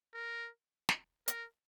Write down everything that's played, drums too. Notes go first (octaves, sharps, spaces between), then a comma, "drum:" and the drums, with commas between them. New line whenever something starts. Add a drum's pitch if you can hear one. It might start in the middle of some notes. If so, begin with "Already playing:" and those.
A#4
drum: snare
A#4, drum: hi-hat